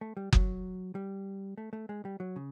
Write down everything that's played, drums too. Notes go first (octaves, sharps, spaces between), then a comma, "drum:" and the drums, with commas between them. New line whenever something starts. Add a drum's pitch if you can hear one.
A3
G3
F#3, drum: kick F#1
G3
A3
A3
G#3
G3
F#3
C#3